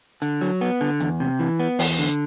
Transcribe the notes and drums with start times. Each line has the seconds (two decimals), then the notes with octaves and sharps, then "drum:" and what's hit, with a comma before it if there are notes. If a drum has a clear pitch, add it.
0.22 D3, drum: hi-hat
0.41 F#3
0.61 B3
0.81 D3
1.00 E2, drum: hi-hat
1.20 C3
1.39 E3
1.60 B3
1.79 E2, drum: open hi-hat
1.99 D3